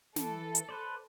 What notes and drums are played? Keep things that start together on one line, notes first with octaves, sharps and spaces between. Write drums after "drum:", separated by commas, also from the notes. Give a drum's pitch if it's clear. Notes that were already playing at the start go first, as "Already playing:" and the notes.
E3 A4, drum: snare
drum: hi-hat
B4 C5 D5